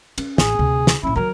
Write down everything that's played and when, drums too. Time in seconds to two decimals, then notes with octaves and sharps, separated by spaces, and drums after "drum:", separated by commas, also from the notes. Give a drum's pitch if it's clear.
0.18 C#4, drum: cymbal
0.38 A1 G#4, drum: snare
0.59 D2 C3
0.87 drum: snare
1.03 A#1 C#4 E4
1.16 D#3 F#3 A#4